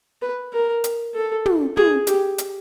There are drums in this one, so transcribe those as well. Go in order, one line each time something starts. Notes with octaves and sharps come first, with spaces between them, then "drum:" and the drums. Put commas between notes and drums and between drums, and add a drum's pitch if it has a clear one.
B4
A#4
drum: hi-hat
A4
drum: tom
G#4, drum: tom
G4, drum: hi-hat
drum: hi-hat